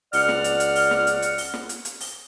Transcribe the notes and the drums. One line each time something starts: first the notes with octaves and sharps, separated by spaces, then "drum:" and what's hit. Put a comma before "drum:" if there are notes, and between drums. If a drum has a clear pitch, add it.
C#2 D5 F#5 F6, drum: open hi-hat
drum: snare
drum: hi-hat
drum: hi-hat
drum: open hi-hat
drum: snare
drum: hi-hat
drum: hi-hat
drum: open hi-hat
drum: snare
drum: hi-hat
drum: hi-hat
drum: open hi-hat